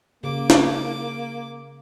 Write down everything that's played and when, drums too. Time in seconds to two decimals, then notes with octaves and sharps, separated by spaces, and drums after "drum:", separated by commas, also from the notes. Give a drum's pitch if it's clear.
0.24 C#3 A#3 D6
0.50 drum: snare